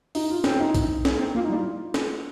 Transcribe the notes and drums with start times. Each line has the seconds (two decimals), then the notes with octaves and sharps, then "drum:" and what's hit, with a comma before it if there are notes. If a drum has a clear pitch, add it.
0.15 D#4, drum: open hi-hat
0.30 F4
0.44 C4 C#4, drum: snare
0.60 D#4
0.75 drum: kick B1, hi-hat
1.05 C#4, drum: snare
1.19 C4
1.35 A#3 F4
1.44 D#4
1.50 G3
1.54 F4
1.94 drum: snare